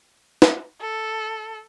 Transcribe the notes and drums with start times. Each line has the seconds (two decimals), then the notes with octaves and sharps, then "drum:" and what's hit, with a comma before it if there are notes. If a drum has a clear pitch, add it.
0.42 drum: snare
0.81 A4